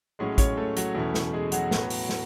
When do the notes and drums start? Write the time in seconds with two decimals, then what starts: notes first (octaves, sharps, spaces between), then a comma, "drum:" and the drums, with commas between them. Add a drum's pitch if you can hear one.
0.19 A2 F#3 G#3 C#4 G#4
0.38 C#4 C#5, drum: kick, hi-hat
0.57 A3 A4
0.77 F#3 F#4, drum: hi-hat
0.95 E2 B2 A3 C#4 E4
1.14 drum: snare
1.33 G#3 G#4
1.52 F#3 F#4, drum: hi-hat
1.71 A2 F#3 B3, drum: snare
1.90 drum: open hi-hat
2.09 drum: snare